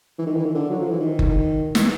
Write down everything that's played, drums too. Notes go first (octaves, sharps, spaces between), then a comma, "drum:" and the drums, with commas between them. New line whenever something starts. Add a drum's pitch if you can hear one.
E3
D#3
E3
D#3
D3
F#3
F3
E3
D#3
drum: kick F#1
E3, drum: snare